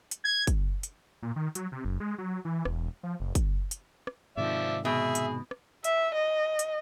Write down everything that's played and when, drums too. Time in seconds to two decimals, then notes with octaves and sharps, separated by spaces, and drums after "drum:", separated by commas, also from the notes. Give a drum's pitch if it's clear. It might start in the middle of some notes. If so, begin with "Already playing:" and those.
0.11 drum: hi-hat
0.25 G#6
0.47 drum: kick, hi-hat
0.83 drum: hi-hat
1.22 A#2
1.36 D#3
1.55 F#3, drum: hi-hat
1.72 C3
1.85 F#1
2.00 G#3
2.18 F#3
2.45 E3
2.65 E1, drum: rim click
3.03 F3
3.20 F#1
3.35 drum: kick, hi-hat
3.71 drum: hi-hat
4.07 drum: rim click
4.37 G#2 C3 D#3 F3 D5 E5
4.85 B2 G#4 E5
5.15 drum: hi-hat
5.51 drum: rim click
5.84 E5, drum: hi-hat
6.15 D#5
6.59 drum: hi-hat